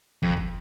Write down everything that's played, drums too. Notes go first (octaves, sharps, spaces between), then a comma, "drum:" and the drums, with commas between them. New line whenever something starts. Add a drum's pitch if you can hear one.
F2, drum: kick
drum: kick